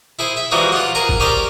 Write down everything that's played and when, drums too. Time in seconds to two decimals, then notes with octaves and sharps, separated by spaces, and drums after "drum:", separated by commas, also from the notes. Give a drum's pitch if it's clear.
0.19 E4 G#4 C5
0.37 E5
0.51 E3 F3 G3 G#3 D#4 F#4
0.72 F4 F#5
0.95 G#4 A#4 D#5 A#5
1.09 drum: kick
1.20 C#4 G4 A#4 C5 D5